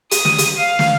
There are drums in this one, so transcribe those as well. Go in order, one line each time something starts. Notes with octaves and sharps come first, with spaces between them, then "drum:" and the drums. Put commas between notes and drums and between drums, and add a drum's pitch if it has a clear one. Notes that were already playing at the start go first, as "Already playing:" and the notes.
D#6, drum: hi-hat
drum: snare
drum: hi-hat
F5
drum: snare